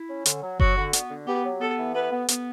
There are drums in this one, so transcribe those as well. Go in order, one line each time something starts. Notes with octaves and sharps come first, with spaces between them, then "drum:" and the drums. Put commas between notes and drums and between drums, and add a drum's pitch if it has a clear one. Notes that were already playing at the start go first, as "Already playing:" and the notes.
Already playing: E4
C#4
D3, drum: hi-hat
F#3
F#3 F#4, drum: kick F#1
D3
B3, drum: hi-hat
D3
B3 G4
F#3
B3 A4
E3
B3 B4
B3
B3, drum: hi-hat